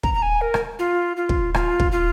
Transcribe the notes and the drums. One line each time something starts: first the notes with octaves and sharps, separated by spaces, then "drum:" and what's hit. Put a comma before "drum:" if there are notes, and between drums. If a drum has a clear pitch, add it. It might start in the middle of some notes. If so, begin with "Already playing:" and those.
A#5, drum: kick
A#5
G#5
A#4
drum: rim click
F4
F4
drum: kick
F4, drum: rim click
drum: kick
F4